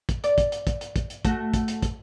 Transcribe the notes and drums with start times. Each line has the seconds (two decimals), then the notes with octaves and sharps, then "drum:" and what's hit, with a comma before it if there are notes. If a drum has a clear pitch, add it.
0.09 drum: kick, hi-hat
0.24 D5, drum: hi-hat
0.38 drum: kick, hi-hat
0.52 drum: hi-hat
0.67 drum: kick, hi-hat
0.81 drum: hi-hat
0.96 drum: kick, hi-hat
1.10 drum: hi-hat
1.25 A3 F#4, drum: kick, hi-hat
1.54 drum: kick, hi-hat
1.68 drum: hi-hat
1.82 drum: kick, hi-hat